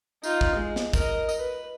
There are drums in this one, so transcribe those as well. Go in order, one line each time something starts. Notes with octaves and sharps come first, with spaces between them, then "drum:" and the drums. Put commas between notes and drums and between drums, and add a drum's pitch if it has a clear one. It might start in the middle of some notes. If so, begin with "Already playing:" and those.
D#4 F4, drum: tambourine
drum: kick
G#3
drum: snare
A#4 D#5, drum: kick, tambourine
drum: tambourine
B4